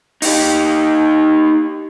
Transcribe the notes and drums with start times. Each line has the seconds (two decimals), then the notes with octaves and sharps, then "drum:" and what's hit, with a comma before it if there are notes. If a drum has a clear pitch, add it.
0.22 D#4 G4, drum: open hi-hat